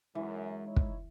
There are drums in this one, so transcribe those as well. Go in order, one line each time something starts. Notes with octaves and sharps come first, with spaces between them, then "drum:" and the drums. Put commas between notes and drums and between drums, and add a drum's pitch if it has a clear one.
F#2 E3 G#3
D#4 E4 C#5
drum: kick